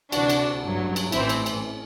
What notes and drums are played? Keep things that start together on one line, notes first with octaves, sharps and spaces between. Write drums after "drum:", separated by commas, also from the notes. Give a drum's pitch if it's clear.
D2 C3 E3 D4 F#4, drum: cymbal
drum: cymbal
A1 G2 F#3
drum: cymbal
A1 A2 E3 C4 E4, drum: cymbal
drum: cymbal
drum: cymbal